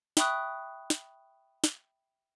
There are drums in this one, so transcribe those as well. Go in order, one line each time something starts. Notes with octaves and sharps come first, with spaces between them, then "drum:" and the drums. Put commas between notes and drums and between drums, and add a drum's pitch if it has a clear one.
E5 G5 B5 C#6 D#6 F#6, drum: snare
drum: snare
drum: snare